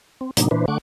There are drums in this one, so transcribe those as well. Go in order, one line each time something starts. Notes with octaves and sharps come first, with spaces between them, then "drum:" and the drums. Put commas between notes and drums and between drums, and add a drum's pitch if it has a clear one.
C4
A2 C3 F#3 A#3 D4 D#4, drum: hi-hat
A#2 E3 D4 B4 C5
D3 A3 F#5 C#6 D6